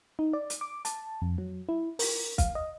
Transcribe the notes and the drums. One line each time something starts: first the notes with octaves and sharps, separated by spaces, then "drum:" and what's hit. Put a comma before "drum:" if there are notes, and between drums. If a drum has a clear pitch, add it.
D#4
D5
drum: hi-hat
D6
A5, drum: hi-hat
F2
F#3
E4
A#4, drum: open hi-hat
F5, drum: kick, hi-hat
D#5